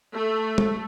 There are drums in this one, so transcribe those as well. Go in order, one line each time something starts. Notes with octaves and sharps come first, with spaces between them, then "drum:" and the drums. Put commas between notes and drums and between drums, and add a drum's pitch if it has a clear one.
A3
drum: tom